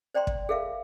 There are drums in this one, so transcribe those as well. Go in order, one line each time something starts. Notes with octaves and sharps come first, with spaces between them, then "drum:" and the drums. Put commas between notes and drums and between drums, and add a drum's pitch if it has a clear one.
C5 D5 G5 A#5 C6
drum: kick
G#4 A#4 E5 F5